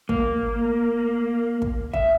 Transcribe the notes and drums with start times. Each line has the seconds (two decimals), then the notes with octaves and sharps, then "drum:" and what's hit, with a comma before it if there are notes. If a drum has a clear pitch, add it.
0.09 A#3, drum: kick
1.62 drum: kick
1.94 E5, drum: kick